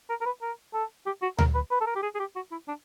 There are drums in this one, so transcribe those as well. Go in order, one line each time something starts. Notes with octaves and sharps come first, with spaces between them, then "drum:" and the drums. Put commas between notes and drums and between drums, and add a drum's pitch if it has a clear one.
A#4
A#4
B4
A#4
A4
G4
F#4
A#4, drum: tom D2
B4
B4
A4
A#4
G4
G#4
G#4
G4
F#4
E4
D4